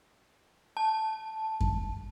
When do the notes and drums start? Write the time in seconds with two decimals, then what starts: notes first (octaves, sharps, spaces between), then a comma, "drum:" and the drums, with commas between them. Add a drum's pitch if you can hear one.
0.77 A5
1.61 drum: kick F#2